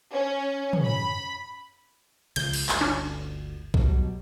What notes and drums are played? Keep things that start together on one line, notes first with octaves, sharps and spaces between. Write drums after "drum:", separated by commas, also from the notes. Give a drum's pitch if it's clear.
C#4
drum: tom
B5
C#2 C#3 F3 G6, drum: cymbal
drum: cymbal
G1 D2, drum: clap
C#4 D4
B2 F#3 G3, drum: kick B1